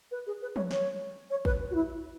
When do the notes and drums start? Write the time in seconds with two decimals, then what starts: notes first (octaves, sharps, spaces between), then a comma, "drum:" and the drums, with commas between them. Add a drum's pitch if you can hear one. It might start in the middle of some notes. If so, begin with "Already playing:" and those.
0.11 B4
0.27 G#4
0.42 B4
0.56 C#5, drum: tom
0.71 C#5, drum: snare
1.30 C#5
1.45 B4, drum: kick
1.70 F#4
1.75 E4